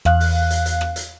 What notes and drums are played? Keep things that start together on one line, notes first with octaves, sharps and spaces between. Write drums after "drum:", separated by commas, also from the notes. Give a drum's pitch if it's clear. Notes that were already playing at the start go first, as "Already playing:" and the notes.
E2 F5 F#6, drum: rim click
drum: open hi-hat
drum: hi-hat
drum: hi-hat
drum: rim click
drum: hi-hat